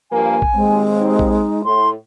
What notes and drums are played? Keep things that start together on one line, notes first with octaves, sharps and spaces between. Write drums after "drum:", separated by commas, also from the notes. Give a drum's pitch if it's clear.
G2 F3 A#3 G#5
drum: kick A#1
D#2 G#3 C4
D#4
drum: kick A#1
A2 C6